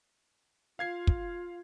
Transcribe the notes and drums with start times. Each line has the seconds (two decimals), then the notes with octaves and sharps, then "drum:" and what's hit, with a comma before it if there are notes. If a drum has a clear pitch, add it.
0.79 F4 F5 G#6 C7
1.07 drum: kick